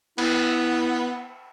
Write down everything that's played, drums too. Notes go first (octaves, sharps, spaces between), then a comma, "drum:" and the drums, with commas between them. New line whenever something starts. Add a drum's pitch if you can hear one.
B3 E4, drum: cymbal